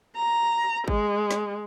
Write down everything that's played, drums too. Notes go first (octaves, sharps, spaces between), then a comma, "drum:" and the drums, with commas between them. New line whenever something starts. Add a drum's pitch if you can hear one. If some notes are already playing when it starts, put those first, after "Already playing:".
A#5
G#3, drum: kick G#1
drum: snare